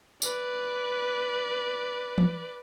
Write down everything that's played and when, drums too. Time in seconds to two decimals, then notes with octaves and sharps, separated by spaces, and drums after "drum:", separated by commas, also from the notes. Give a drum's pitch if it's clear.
0.22 B4 D5, drum: tambourine
2.18 drum: tom E3